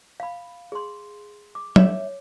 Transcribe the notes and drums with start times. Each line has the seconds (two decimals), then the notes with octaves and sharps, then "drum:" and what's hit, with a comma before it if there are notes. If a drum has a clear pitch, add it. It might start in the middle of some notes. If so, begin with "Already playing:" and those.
0.20 F5 B5
0.72 G#4 C6
1.55 D6
1.76 C#5 E5, drum: tom